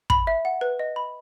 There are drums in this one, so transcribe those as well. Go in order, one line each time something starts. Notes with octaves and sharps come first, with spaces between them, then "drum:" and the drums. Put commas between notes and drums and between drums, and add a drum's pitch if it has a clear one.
B5, drum: kick
E5
F#5
B4
D#5
B5